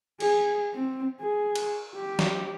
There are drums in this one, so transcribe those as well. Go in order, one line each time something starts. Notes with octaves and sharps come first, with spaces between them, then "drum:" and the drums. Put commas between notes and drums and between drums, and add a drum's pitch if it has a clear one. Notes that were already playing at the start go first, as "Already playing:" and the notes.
G#4, drum: cymbal
C4
G#4
drum: cymbal
G4
drum: snare